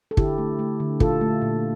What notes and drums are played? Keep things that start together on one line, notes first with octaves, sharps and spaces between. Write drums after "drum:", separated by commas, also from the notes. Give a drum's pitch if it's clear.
A4
D3 E4 G4, drum: kick
A3
A3
D3
A#2 F4 A4, drum: kick
A3
A#2